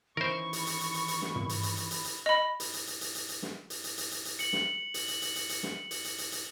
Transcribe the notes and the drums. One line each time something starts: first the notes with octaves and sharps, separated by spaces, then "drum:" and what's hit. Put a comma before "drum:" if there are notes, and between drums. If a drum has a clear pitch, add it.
D#3 E3 C#4 A#4 C5 B5 C#6
drum: hi-hat
drum: hi-hat
drum: hi-hat
drum: hi-hat
drum: hi-hat
drum: snare
drum: tom
drum: hi-hat
drum: hi-hat
drum: hi-hat
drum: hi-hat
drum: hi-hat
D#5 B5
drum: hi-hat
drum: hi-hat
drum: hi-hat
drum: hi-hat
drum: hi-hat
drum: hi-hat
drum: snare
drum: hi-hat
drum: hi-hat
drum: hi-hat
drum: hi-hat
drum: hi-hat
C#7 F#7, drum: hi-hat
drum: snare
drum: hi-hat
drum: hi-hat
drum: hi-hat
drum: hi-hat
drum: hi-hat
drum: snare
drum: hi-hat
drum: hi-hat
drum: hi-hat
drum: hi-hat